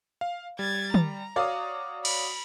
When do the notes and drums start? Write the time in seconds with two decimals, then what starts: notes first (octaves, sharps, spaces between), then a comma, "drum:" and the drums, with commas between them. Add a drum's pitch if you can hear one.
0.21 F5
0.59 G3 G#6 A6
0.94 A#5, drum: tom
1.36 F#4 C#5 D5 F5 D#6
2.05 B5, drum: cymbal